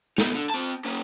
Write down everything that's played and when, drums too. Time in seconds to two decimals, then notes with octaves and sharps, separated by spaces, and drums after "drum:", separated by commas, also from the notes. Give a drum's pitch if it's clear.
0.18 B3 D#4, drum: snare
0.35 D3
0.50 C4 A5
0.85 A#3 C#4